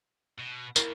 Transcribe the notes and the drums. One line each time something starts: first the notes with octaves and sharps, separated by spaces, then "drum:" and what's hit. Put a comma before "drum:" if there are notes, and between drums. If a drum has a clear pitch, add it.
B2
D#2 E4 A#4, drum: tambourine